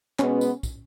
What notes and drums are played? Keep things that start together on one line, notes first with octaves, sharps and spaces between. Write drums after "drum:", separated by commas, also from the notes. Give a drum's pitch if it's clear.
B2 G#3 B3 C#4, drum: clap
drum: tambourine
drum: kick, tambourine